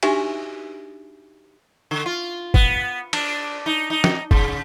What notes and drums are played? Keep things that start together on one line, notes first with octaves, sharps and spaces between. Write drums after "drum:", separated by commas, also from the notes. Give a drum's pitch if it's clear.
D4 D#4 F#4 G4 E5 G#5, drum: cymbal
D3
F4
B3, drum: kick
D4, drum: cymbal
D#4
D#4
drum: snare
C#3, drum: kick